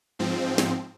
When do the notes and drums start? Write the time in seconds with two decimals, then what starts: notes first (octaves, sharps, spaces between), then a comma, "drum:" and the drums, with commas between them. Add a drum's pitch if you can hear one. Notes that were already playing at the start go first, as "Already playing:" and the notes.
0.19 G#2 F3 C4
0.58 drum: snare